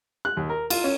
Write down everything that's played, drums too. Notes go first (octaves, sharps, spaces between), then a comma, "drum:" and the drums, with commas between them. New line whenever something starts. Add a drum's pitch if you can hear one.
F#6
D#2
A#4
F4, drum: cymbal
C#4